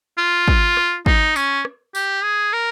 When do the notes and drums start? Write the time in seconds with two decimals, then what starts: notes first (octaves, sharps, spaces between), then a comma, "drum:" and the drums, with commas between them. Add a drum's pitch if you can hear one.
0.18 F4
0.48 drum: kick
0.77 drum: rim click
1.06 D#4, drum: kick
1.36 C#4, drum: tambourine
1.65 drum: rim click
1.95 G4, drum: tambourine
2.23 G#4
2.53 A#4